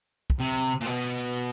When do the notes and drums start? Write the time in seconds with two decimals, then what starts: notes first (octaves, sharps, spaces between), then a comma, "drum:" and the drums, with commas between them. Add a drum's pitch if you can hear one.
0.30 drum: kick
0.40 C3
0.81 A#2, drum: hi-hat
0.86 B2